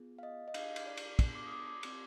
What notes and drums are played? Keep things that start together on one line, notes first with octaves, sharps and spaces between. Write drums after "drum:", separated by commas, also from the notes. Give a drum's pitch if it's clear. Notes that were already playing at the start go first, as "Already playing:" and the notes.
Already playing: B3 F4 G#4
F5
D#5
D#5
D4 G#4 F5, drum: cymbal
drum: cymbal
D5
drum: cymbal
B3 D4 G#4, drum: kick, cymbal
D6
D#6
D6
D6
C4 G4, drum: cymbal